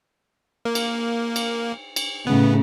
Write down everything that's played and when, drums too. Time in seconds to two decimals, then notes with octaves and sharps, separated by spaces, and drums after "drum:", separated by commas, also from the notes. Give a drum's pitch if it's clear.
0.65 A#3
0.75 drum: cymbal
1.36 drum: cymbal
1.96 drum: cymbal
2.27 A2 C#3 B3